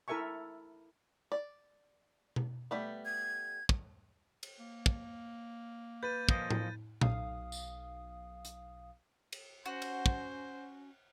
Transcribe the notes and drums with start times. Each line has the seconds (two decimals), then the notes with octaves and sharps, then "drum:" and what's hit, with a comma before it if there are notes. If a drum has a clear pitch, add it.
0.08 E4 A4 A#4 E5 G#5 C#6
1.32 D5
2.36 drum: tom B2
2.71 G3 A3 B3
3.05 G#6
3.69 drum: kick
4.43 drum: cymbal
4.59 A#3
4.86 drum: kick
6.03 B4 G6 A6 D#7
6.29 A#2 F3 D#5, drum: kick
6.51 drum: tom A2
7.01 B1 F5 D#6, drum: tom A#2
7.52 drum: tambourine
8.45 drum: hi-hat
9.32 drum: cymbal
9.66 C#4 F#4 C5
9.82 drum: cymbal
10.06 drum: kick